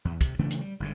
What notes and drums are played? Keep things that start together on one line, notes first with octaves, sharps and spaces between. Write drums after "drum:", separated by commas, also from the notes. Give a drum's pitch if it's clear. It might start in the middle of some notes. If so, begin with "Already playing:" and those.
E2
C3, drum: kick, hi-hat
C#3 E3 A3 D4
drum: hi-hat
G3
G1 G#2 D3